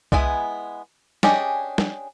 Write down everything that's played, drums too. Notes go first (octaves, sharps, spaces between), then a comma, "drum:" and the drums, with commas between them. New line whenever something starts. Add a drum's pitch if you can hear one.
G#3 B3 E4 G#5, drum: kick C2
C#4 D4 G4 G#4 D#5, drum: snare
drum: snare